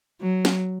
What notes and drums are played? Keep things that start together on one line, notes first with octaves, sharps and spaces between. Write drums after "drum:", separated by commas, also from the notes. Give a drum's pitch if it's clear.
F#3
drum: snare